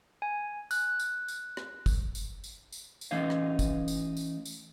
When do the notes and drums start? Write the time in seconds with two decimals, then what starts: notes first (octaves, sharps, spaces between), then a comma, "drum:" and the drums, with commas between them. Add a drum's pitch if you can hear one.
0.22 G#5
0.71 F#6, drum: tambourine
1.00 drum: tambourine
1.28 drum: tambourine
1.57 drum: rim click
1.86 drum: kick, tambourine
2.15 drum: tambourine
2.44 drum: tambourine
2.72 drum: tambourine
3.01 drum: tambourine
3.11 E3 A3 C#4 D#4 C#5 F5
3.30 drum: rim click
3.59 drum: kick, tambourine
3.88 drum: tambourine
4.17 drum: tambourine
4.45 drum: tambourine